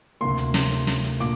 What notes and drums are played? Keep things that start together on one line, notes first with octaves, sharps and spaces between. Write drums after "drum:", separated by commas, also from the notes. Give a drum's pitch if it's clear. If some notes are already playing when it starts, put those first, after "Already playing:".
D2 C3 A#3 C6
drum: hi-hat
drum: snare
drum: hi-hat
drum: snare
drum: hi-hat
A#2 A#3 D4 D6, drum: hi-hat